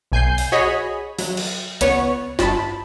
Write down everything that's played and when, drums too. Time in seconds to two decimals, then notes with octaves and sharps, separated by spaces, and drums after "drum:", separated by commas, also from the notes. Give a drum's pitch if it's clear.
0.12 B1 G#5 G6 C7
0.38 drum: open hi-hat
0.52 F#4 G#4 C#5 D#5 B5
1.19 F#3, drum: open hi-hat
1.37 drum: cymbal
1.81 C#2 B3 C#5, drum: hi-hat
2.39 G1 A5 B5, drum: snare